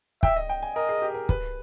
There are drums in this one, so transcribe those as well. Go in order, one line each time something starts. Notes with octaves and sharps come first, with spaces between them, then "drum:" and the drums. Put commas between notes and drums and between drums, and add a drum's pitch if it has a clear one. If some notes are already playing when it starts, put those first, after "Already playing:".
E5 G5, drum: kick
D#5
G5
G#5
A#4 D#5
G#4
G4
A#4
B4, drum: kick